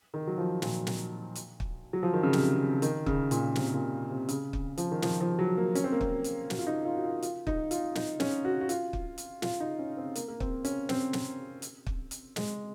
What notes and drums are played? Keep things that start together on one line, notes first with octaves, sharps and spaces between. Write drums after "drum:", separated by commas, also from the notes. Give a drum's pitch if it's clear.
D#3
F#3
F3
A#2, drum: snare
drum: snare
drum: hi-hat
drum: kick
F#3
F3
D#3
C#3
C3, drum: snare
C#3
D#3, drum: hi-hat
C#3, drum: kick
A#2, drum: hi-hat
C3, drum: snare
C3
A#2
C3
C#3, drum: hi-hat
drum: kick
F3, drum: hi-hat
D#3
F3, drum: snare
F3
F#3
A#3
C#4, drum: hi-hat
C4
A#3
C4, drum: kick
drum: hi-hat
F#4, drum: snare
F4
D#4
F4
F#4
F4
F4, drum: hi-hat
D#4, drum: kick
F4, drum: hi-hat
D#4, drum: snare
C#4, drum: snare
F#4
F#4
F4, drum: hi-hat
drum: kick
drum: hi-hat
F4, drum: snare
D#4
C#4
C4
A#3, drum: hi-hat
A#3
C4, drum: kick
C#4, drum: hi-hat
C4, drum: snare
drum: snare
drum: hi-hat
drum: kick
drum: hi-hat
G#3, drum: snare